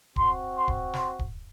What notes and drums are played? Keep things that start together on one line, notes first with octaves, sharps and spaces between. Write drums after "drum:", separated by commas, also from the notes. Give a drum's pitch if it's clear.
C4 F#4 C6, drum: kick
C6
drum: kick
C6, drum: snare
drum: kick